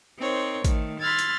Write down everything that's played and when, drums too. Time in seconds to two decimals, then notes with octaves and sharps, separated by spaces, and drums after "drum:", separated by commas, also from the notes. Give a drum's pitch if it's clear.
0.19 C4 D#4 A#4 C5 C#5
0.65 D#3 A3, drum: kick, hi-hat
1.00 B5 C6 E6 F6 G#6 A6
1.19 drum: hi-hat